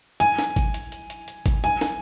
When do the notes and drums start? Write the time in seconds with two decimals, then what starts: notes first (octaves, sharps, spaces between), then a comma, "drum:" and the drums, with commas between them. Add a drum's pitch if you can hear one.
0.20 G#5, drum: hi-hat
0.39 drum: snare
0.56 drum: kick G#1, hi-hat
0.74 drum: hi-hat
0.92 drum: hi-hat
1.10 drum: hi-hat
1.28 drum: hi-hat
1.46 drum: kick G#1, hi-hat
1.64 G#5, drum: hi-hat
1.81 drum: snare